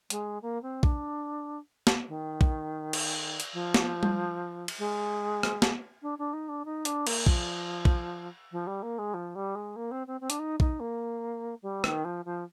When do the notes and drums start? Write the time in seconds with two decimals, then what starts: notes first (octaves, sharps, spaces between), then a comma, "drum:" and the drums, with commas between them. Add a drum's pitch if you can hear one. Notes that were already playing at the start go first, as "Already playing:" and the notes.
0.10 G#3, drum: hi-hat
0.42 A#3
0.62 C4
0.83 D4, drum: kick
1.87 drum: snare
2.08 D#3
2.41 drum: kick
2.93 drum: cymbal
3.40 drum: hi-hat
3.54 F3
3.74 drum: snare
4.03 drum: tom G3
4.68 drum: cymbal
4.79 G#3
5.43 drum: rim click
5.62 drum: snare
6.02 D4
6.18 D4
6.33 D#4
6.49 D4
6.65 D#4
6.85 D4, drum: hi-hat
7.07 A#3, drum: cymbal
7.26 F3, drum: kick
7.85 drum: kick
8.52 F3
8.67 G3
8.83 A#3
8.98 G#3
9.14 F3
9.35 G3
9.55 G#3
9.76 A#3
9.91 C4
10.07 C4
10.21 C4
10.30 D4, drum: hi-hat
10.39 D#4
10.60 D#4, drum: kick
10.80 A#3
11.62 G3
11.84 D#3, drum: rim click
12.04 F3
12.25 F3